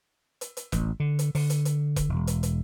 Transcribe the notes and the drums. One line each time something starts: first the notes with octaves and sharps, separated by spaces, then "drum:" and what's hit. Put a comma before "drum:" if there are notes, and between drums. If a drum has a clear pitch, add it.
drum: hi-hat
drum: hi-hat
A1, drum: kick E1, hi-hat
D3
drum: hi-hat
D3, drum: open hi-hat
drum: hi-hat
drum: hi-hat
drum: kick E1, hi-hat
E1
drum: hi-hat
drum: hi-hat